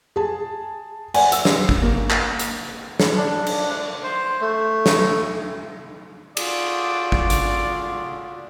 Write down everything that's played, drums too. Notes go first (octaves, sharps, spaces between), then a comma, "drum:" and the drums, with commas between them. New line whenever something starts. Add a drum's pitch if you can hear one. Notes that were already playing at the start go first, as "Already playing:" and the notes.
G#4 A5
D5 F#5 G#5, drum: cymbal
E6, drum: hi-hat
drum: snare
drum: kick G#1
A#3
drum: clap
drum: hi-hat
drum: snare
D4
drum: cymbal
C5
A3
drum: snare
F4 F#4 G#4 A4 D5, drum: cymbal
drum: kick G#1
drum: hi-hat